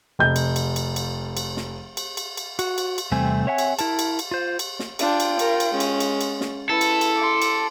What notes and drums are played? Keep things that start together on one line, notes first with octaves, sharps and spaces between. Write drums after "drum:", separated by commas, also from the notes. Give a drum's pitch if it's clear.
F1 G6
drum: cymbal
drum: cymbal
drum: cymbal
drum: cymbal
drum: cymbal
drum: snare
drum: cymbal
drum: cymbal
drum: cymbal
F#4, drum: cymbal
drum: cymbal
drum: cymbal
E2 C3 G3 A3 C4 G#5
C4 C#5 E5 F#5 G#5
drum: cymbal
E4 A#4 A5, drum: cymbal
drum: cymbal
drum: cymbal
F4 C5
drum: cymbal
drum: snare
D4 F4 G5, drum: cymbal
drum: cymbal
A#4, drum: cymbal
drum: cymbal
G#3 C#4
drum: cymbal
drum: cymbal
drum: cymbal
drum: snare
E4 A4 B4
drum: cymbal
drum: cymbal
C6 D6
drum: cymbal